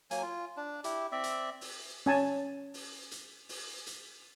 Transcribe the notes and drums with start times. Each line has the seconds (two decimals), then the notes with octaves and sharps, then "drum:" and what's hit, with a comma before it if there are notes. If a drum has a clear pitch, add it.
0.11 F#3 A#3 G#5, drum: hi-hat
0.23 F4
0.57 D4
0.84 E4 G4, drum: hi-hat
1.12 C4 D5 E5
1.24 drum: hi-hat
1.61 drum: open hi-hat
2.06 C#4 G#5 A5
2.74 drum: open hi-hat
3.11 drum: hi-hat
3.49 drum: open hi-hat
3.87 drum: hi-hat